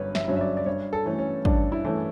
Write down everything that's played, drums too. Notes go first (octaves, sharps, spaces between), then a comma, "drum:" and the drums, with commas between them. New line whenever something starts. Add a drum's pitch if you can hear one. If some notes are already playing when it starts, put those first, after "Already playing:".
Already playing: G1 G2 F#3 C#4 B4 C#5
E5, drum: snare
G2 F#3 C#4
E5
D5
D5
G2 C#5
A4
E3 A3 C#4
C#4
G2 D4, drum: kick
E4
E3 A3 C#4